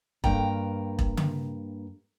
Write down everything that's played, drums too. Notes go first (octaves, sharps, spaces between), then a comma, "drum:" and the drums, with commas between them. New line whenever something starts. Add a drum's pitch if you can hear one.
G2 A#3 G5 A#5, drum: kick E1
drum: kick E1
drum: tom C#3